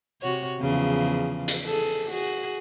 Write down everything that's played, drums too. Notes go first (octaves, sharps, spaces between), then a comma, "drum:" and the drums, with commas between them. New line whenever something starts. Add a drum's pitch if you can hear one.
C3 F#4 C#5
E2 C#3 F3
drum: hi-hat
G#4 A4
F#4 G#4